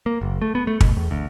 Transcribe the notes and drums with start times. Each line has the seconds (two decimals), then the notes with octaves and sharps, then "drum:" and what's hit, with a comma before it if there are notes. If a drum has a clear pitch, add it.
0.06 A#3
0.21 F#1
0.42 A3
0.55 B3
0.67 A3
0.81 B2, drum: kick
0.97 E2
1.11 D2